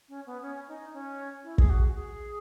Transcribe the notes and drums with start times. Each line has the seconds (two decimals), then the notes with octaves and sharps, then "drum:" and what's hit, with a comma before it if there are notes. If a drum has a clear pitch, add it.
0.09 C#4
0.26 B3
0.42 C#4
0.68 D#4
0.93 C#4
1.44 E4
1.58 G#4, drum: kick
1.70 F#4
1.88 F#4
1.95 G#4